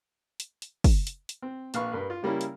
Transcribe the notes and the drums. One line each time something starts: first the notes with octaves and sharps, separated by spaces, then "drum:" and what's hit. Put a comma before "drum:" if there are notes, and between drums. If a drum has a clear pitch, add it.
drum: hi-hat
drum: hi-hat
drum: kick, open hi-hat
drum: hi-hat
drum: hi-hat
C4
A#1 B4 F5 B5 C#6, drum: hi-hat
G2 A#4 B4
F4
C#3 G3 A#3 C#4 E4
drum: hi-hat